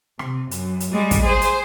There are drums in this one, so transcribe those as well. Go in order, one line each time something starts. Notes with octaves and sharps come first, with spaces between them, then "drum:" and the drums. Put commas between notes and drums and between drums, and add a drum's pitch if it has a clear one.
C3, drum: rim click
F#2, drum: hi-hat
drum: hi-hat
G3 G#3
drum: kick, hi-hat
G#4 C5
drum: hi-hat